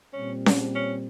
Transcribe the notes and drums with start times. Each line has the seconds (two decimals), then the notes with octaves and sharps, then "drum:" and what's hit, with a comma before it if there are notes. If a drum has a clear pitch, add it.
0.13 A#2 G3 C4 C#4
0.46 drum: snare C#4
0.75 C#4